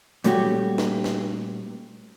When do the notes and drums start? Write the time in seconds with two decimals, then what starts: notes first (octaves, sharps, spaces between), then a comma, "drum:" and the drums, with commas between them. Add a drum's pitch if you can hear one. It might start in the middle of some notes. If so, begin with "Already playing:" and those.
0.24 A#2 G3 A3 C#4 F#4 G4, drum: hi-hat
0.78 drum: snare
1.04 drum: snare